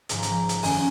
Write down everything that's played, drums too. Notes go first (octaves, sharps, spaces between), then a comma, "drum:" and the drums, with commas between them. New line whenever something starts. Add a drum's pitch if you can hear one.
G#1 G#2 F3 A#5, drum: hi-hat
drum: hi-hat
drum: hi-hat
F#2 D#3 A#3 C#4 G#5, drum: open hi-hat